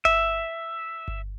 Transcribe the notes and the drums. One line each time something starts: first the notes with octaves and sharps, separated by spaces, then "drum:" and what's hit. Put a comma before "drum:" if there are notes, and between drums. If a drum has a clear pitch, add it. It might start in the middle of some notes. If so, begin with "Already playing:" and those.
E5, drum: kick G1
drum: kick G1